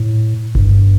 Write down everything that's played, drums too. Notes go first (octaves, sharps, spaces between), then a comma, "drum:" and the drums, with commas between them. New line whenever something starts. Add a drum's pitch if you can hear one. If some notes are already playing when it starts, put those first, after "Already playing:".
Already playing: A2
G2, drum: kick G1